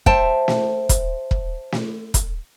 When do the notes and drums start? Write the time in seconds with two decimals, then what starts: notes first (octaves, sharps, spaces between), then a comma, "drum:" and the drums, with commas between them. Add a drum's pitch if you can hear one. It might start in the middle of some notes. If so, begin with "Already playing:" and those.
0.06 C5 E5 G5 A5, drum: kick
0.48 drum: snare
0.89 drum: kick, hi-hat
1.31 drum: kick
1.72 drum: snare
2.14 drum: kick, hi-hat